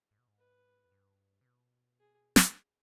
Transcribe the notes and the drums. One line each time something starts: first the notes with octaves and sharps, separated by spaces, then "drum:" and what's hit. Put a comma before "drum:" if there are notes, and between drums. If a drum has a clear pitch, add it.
G#2
B2
G#2
B4
F2
G2
C3
B2
G#4
drum: snare